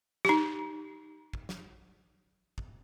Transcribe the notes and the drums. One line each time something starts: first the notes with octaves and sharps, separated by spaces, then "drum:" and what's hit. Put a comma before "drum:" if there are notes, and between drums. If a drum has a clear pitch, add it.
D#4 G4, drum: snare
drum: kick
drum: snare
drum: kick